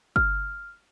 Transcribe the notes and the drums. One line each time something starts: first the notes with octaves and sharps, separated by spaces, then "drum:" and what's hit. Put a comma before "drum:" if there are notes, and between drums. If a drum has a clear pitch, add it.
F6, drum: kick G1